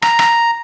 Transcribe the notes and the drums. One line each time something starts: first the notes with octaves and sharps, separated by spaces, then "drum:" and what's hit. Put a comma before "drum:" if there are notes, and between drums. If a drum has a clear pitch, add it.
A#5, drum: rim click
drum: rim click